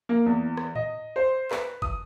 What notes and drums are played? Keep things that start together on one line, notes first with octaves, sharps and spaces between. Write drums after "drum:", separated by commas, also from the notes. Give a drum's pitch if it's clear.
A#3
E2
drum: rim click
D#5, drum: tom A2
C5
B4, drum: clap
D#6, drum: kick G1